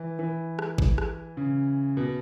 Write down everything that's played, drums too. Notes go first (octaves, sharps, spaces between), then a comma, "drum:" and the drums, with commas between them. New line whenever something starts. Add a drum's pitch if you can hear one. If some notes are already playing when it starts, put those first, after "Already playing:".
Already playing: E3
E3
drum: rim click
drum: kick A1
drum: rim click
C#3
B2